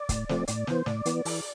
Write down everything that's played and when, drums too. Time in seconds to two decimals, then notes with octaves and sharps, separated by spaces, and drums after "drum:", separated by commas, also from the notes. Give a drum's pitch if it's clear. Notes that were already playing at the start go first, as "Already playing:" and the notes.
Already playing: D5
0.09 A2, drum: kick C#1, hi-hat
0.29 F3 A3 C4, drum: snare
0.48 A2 D5, drum: hi-hat
0.67 E3 B3 C5, drum: snare
0.86 A2 D5, drum: snare
1.05 E3 B3, drum: hi-hat
1.25 E3, drum: open hi-hat